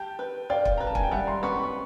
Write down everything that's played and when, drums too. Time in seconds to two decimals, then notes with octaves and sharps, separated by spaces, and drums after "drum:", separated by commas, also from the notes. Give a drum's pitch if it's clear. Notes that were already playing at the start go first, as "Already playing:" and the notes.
Already playing: G4 G5 A5
0.19 B4
0.50 D5 F5 G5
0.65 drum: kick
0.78 B4 A#5
0.87 A5
0.95 G#5, drum: kick
1.03 G5
1.11 G3 E5 F#5
1.27 A#5 C6
1.43 B3 B5 C#6
1.63 C#6